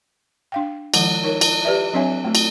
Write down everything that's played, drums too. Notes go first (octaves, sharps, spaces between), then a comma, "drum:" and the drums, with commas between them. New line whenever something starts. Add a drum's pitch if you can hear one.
D4 F5 G5
D#3 F3 G#3, drum: cymbal
D#4 A#4 C#5
drum: cymbal
G4 B4 D5 E5
F#3 C4 D4 C#5 E5 G#5
A3 F#4
drum: cymbal